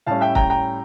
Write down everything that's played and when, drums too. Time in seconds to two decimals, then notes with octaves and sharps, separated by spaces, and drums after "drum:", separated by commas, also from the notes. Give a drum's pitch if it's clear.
0.06 A2 G3 C#4 F5 A5
0.21 E5 G5
0.35 G5 A#5, drum: kick
0.50 G5 A#5